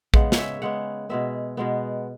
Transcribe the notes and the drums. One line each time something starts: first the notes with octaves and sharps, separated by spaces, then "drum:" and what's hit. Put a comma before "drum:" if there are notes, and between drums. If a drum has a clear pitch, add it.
C#3 G#3 B3 F#5, drum: kick
C#5, drum: snare
E5
C#3 G#3 B3 F#5
B2 G#3 B3 E5
B2 G#3 B3